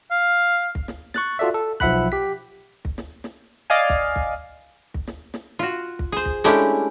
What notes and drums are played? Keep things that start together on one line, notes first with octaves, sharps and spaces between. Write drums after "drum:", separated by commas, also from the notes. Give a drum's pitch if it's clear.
F5
drum: kick
drum: snare
C#6 F#6 A6, drum: snare
F4 F#4 A4 D5 E5
A4
B1 F3 E5 F#5 B5 F#6, drum: kick
G4 B6
drum: kick
drum: snare
drum: snare
D5 D#5 F5 G#5
drum: kick
drum: kick
drum: kick
drum: snare
drum: snare
F4 F#4
drum: kick
G#4 C5
drum: kick
G#3 A3 C#4 D4 E4 G4